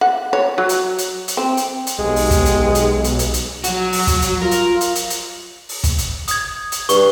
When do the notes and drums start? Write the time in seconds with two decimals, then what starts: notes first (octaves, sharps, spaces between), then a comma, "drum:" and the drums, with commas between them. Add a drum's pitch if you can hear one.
0.01 F#5
0.33 C#5
0.58 F#3
0.69 drum: hi-hat
0.98 drum: hi-hat
1.28 drum: hi-hat
1.37 C4
1.57 drum: hi-hat
1.87 drum: hi-hat
1.99 B1 G#3 G4
2.16 drum: open hi-hat
2.31 drum: kick, hi-hat
2.45 drum: hi-hat
2.75 drum: hi-hat
3.04 drum: hi-hat
3.19 drum: hi-hat
3.34 drum: hi-hat
3.64 F#3 F#4, drum: hi-hat
3.92 drum: open hi-hat
4.07 drum: kick, hi-hat
4.22 drum: hi-hat
4.42 F4 A#4
4.51 drum: hi-hat
4.81 drum: hi-hat
4.95 drum: hi-hat
5.10 drum: hi-hat
5.69 drum: open hi-hat
5.84 drum: kick, hi-hat
5.98 drum: hi-hat
6.28 D#6 G#6, drum: hi-hat
6.72 drum: hi-hat
6.89 G2 C#6, drum: hi-hat